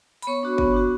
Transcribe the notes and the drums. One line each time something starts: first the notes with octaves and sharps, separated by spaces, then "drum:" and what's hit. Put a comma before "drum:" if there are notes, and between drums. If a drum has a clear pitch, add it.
B5, drum: hi-hat
B3 C#5 C#6
D4 F#4
B3, drum: kick G1
D4 F#4